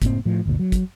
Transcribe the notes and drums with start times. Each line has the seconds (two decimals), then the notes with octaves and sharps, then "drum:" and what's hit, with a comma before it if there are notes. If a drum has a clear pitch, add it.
0.02 F#1 A2 A#3 C4, drum: kick, hi-hat
0.25 A2 F3
0.46 G1 D2 A#2
0.59 F#3
0.72 drum: kick, hi-hat